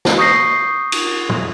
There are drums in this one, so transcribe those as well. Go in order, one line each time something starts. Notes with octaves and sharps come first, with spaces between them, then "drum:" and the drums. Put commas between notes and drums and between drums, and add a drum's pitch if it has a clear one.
drum: snare
C#6 D#6 G6 A#6 C7
drum: cymbal
drum: tom